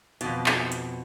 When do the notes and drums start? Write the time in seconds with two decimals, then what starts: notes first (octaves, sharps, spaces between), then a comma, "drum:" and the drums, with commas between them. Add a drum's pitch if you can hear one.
0.21 F2 B2, drum: hi-hat
0.46 drum: clap
0.72 drum: hi-hat